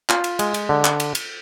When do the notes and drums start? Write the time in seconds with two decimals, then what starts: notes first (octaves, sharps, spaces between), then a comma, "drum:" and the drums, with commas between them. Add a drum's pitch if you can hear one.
0.09 F4, drum: clap
0.24 drum: cymbal
0.39 G#3, drum: cymbal
0.54 drum: cymbal
0.69 D3
0.85 drum: clap
1.00 drum: cymbal
1.15 drum: cymbal